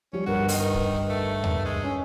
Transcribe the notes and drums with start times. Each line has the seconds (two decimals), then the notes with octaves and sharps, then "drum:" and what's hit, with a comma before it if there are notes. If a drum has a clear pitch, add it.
0.13 F3 G3 C#4
0.26 G1 F#4 A#4 B4
0.48 D#3, drum: open hi-hat
0.74 drum: kick
1.10 A3
1.44 drum: tom D#2
1.65 G#3
1.84 C#4